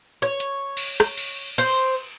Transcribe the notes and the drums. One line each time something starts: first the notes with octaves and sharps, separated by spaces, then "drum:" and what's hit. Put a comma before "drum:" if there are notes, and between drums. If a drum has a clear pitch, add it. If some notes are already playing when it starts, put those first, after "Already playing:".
C#5
drum: hi-hat
drum: cymbal
drum: rim click
drum: cymbal
C5, drum: cymbal